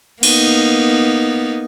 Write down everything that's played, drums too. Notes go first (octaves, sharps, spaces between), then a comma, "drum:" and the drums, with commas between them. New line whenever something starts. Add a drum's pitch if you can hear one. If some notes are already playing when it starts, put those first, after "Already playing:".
A#3 B3 D#4, drum: cymbal